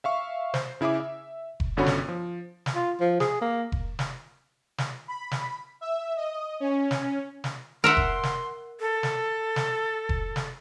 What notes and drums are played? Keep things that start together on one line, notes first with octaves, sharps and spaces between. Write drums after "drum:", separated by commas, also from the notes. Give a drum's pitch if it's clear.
E5 F5 C#6
C5, drum: snare
C#3 E4 G#4 E5 D6
E5
drum: kick F1
G1 D3 C#4 F#4 C#5 B5
drum: snare
F3
drum: snare
F4
F3
G#4, drum: snare
A#3
drum: kick F1
drum: snare
drum: snare
B5
drum: snare
E5
D#5
C#4
drum: snare
drum: snare
A#4 E5 F#5 C6
drum: kick F1
drum: snare
A4
drum: snare
drum: snare
drum: kick F1
drum: snare